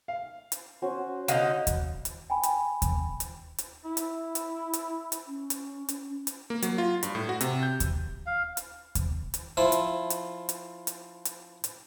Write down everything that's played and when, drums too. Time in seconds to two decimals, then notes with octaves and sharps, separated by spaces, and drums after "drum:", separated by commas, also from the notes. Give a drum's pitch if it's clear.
0.08 F5
0.52 drum: hi-hat
0.82 C#4 F#4 C5
1.28 D3 D#4 D#5 F5, drum: hi-hat
1.67 drum: kick D#2, hi-hat
2.05 drum: hi-hat
2.30 G5 G#5 B5
2.43 drum: hi-hat
2.82 drum: kick D#2, hi-hat
3.20 drum: hi-hat
3.58 drum: hi-hat
3.85 E4
3.97 drum: hi-hat
4.35 drum: hi-hat
4.73 drum: hi-hat
5.12 drum: hi-hat
5.27 C#4
5.50 drum: hi-hat
5.89 drum: hi-hat
6.27 drum: hi-hat
6.50 A#3
6.62 F#3, drum: hi-hat
6.78 F4
7.03 G2, drum: hi-hat
7.15 A2
7.29 F#4
7.41 C3, drum: hi-hat
7.63 G6
7.80 drum: kick D#2, hi-hat
8.26 F5
8.57 drum: hi-hat
8.95 drum: kick D#2, hi-hat
9.34 drum: hi-hat
9.57 F3 E4
9.72 drum: hi-hat
10.10 drum: hi-hat
10.49 drum: hi-hat
10.87 drum: hi-hat
11.25 drum: hi-hat
11.64 drum: hi-hat